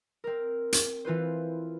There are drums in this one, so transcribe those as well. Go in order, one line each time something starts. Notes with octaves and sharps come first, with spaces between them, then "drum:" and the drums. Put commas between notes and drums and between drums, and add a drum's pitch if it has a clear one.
C4 A#4
drum: hi-hat
E3 F4 B4 C5